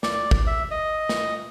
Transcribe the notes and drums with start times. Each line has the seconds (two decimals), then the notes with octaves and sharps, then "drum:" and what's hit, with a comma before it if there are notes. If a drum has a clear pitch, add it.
0.03 D5, drum: snare
0.31 drum: kick G#1
0.47 E5
0.71 D#5
1.09 drum: snare